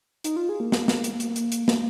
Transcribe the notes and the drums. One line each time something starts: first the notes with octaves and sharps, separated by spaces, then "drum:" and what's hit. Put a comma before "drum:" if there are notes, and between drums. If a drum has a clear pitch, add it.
D#4, drum: hi-hat
F4
G#4
A#3
drum: snare
drum: snare
drum: hi-hat
drum: hi-hat
drum: hi-hat
drum: hi-hat
A#3, drum: snare